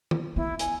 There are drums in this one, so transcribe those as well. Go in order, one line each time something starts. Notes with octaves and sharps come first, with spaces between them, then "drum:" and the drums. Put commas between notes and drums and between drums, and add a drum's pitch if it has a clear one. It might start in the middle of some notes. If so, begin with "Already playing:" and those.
drum: tom D#3
B3 E4
G#5, drum: hi-hat